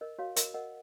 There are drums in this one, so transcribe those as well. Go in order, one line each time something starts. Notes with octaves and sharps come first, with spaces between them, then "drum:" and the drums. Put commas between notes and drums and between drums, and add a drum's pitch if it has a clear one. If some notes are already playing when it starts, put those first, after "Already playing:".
A#4 D#5
F#4 C#5 F5
A#4 D#5, drum: hi-hat
A#4 D#5 F#5